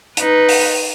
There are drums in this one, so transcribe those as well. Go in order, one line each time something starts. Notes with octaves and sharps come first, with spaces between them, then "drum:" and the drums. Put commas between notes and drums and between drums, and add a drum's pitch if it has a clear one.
D#4 B4, drum: hi-hat
drum: open hi-hat